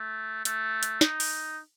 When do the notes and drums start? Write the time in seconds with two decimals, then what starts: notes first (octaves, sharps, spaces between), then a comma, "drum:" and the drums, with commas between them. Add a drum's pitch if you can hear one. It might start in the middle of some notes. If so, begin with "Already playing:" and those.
Already playing: A3
0.45 A3, drum: hi-hat
0.83 drum: hi-hat
1.01 D#4, drum: snare
1.20 drum: open hi-hat